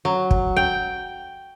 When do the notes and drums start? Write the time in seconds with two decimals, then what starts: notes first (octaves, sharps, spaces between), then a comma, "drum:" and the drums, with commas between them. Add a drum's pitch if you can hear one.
0.05 F#3
0.31 drum: kick
0.56 G5